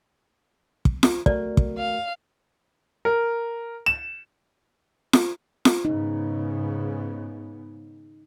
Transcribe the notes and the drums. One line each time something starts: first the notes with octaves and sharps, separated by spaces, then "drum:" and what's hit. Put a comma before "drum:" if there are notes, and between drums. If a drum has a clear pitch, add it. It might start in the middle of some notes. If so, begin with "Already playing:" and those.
drum: kick
drum: snare F4
A3 F#4 A#4 D5, drum: kick
drum: kick
F5
A#4
E7
drum: snare F4
drum: snare F4
G#2 C#3 B3 D#4